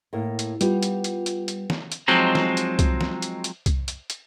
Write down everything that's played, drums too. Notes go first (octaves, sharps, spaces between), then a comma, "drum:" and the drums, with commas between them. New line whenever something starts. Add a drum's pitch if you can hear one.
A2 A#3
drum: hi-hat
G3 B3 F4 G4, drum: hi-hat
drum: hi-hat
drum: hi-hat
drum: hi-hat
drum: hi-hat
drum: snare
drum: hi-hat
F3 F#3 G#3 C4 D#4
drum: snare
drum: hi-hat
drum: kick C2, hi-hat
drum: snare
drum: hi-hat
drum: hi-hat
drum: kick C2, hi-hat
drum: hi-hat
drum: hi-hat